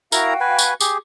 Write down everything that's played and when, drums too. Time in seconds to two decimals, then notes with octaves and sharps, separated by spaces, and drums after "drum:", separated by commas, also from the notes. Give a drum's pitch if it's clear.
0.12 E4 F#4 A#4 F5 G5 A#5, drum: tambourine
0.41 B4 G#5
0.58 drum: tambourine
0.80 G4 G#4, drum: tambourine